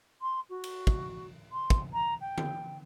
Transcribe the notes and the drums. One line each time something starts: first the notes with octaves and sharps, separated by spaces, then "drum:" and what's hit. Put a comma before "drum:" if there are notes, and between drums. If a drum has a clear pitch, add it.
C6
F#4
drum: cymbal
drum: kick
C6
drum: kick
A#5
G5
drum: tom D3